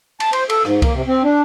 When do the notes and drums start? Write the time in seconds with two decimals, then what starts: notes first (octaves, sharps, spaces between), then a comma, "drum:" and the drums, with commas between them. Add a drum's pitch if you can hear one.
0.20 A5, drum: cymbal
0.33 C5, drum: cymbal
0.50 A4, drum: cymbal
0.65 G#2, drum: rim click
0.82 A#3, drum: kick C2, cymbal
0.93 C3
1.07 C4
1.24 D4